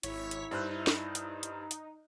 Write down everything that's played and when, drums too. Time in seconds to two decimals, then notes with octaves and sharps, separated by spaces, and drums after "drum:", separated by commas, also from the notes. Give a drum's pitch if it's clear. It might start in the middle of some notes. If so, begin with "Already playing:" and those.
0.03 G#1 E4 C#5 B6, drum: hi-hat
0.31 drum: hi-hat
0.51 G2 D#4 C5 F#6
0.87 drum: snare
1.15 drum: hi-hat
1.43 drum: hi-hat
1.71 drum: hi-hat